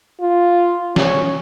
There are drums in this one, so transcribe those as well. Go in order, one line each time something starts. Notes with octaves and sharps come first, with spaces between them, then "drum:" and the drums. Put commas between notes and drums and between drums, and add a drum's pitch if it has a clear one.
F4
C#4, drum: snare